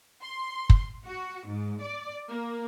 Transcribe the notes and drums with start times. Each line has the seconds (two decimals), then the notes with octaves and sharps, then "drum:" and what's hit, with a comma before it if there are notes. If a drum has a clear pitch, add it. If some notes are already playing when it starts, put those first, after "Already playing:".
0.22 C6
0.70 drum: kick
1.07 F#4
1.46 G#2
1.81 D5
2.29 A#3